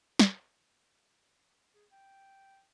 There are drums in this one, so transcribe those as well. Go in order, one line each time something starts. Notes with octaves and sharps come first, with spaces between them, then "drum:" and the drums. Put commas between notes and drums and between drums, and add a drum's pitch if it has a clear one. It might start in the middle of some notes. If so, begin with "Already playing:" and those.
drum: snare
G#4
G5